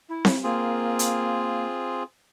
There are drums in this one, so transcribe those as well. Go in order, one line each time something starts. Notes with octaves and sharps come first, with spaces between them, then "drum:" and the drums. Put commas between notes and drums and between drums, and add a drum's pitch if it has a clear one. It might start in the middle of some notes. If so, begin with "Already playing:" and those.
E4
drum: snare C4
A#3 C4 F4 G#4
drum: hi-hat